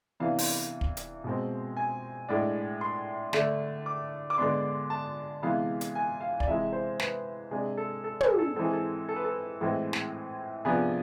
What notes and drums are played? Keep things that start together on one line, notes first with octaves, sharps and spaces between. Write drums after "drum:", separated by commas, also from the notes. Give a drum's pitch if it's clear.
C3 E3 B3 D4 F5
drum: open hi-hat
drum: kick
drum: hi-hat
B2 G#3 C4
G#5
A2 G#3 D4
C6
D3 A3 D4, drum: snare
D6
D6
D3 G#3 B3 D4 C6
A5
C3 E3 G#3 B3 F5
drum: hi-hat
G#5
F5
D5, drum: kick
C3 E3 G#3 E5
C5
B4, drum: snare
C3 G#3 D4 G#4
A4
A4
G#4, drum: tom
A4
E3 G#3 C4 A4
G#4
A4
A4
B4
A4
A2 E3 G#3 C4
drum: snare
C3 F3 B3 D4 G#4